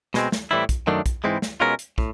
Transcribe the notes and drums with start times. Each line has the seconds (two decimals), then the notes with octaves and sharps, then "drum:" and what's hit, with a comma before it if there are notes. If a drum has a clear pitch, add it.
0.14 B2 G#3 C4, drum: snare
0.32 drum: snare
0.51 A2 E3 G3 C4 E4
0.69 drum: kick, hi-hat
0.87 F#2 D#3 F#3 A3 D4
1.06 drum: kick, hi-hat
1.24 G#2 E3 G#3 C4 E4
1.42 drum: snare
1.60 B2 G#3 C#4 F4 A#4
1.79 drum: hi-hat
1.98 A2, drum: kick